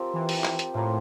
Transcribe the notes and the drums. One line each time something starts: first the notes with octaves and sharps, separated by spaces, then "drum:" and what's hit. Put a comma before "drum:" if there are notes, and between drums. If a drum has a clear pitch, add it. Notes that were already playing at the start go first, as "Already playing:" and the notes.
Already playing: F3 C4 G4 A#4
E3
drum: open hi-hat
drum: clap
drum: hi-hat
A2 F3 A#3 F4 A#4